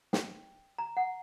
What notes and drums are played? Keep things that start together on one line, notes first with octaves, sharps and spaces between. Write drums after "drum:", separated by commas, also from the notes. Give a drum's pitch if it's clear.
G5, drum: snare
A#5
F#5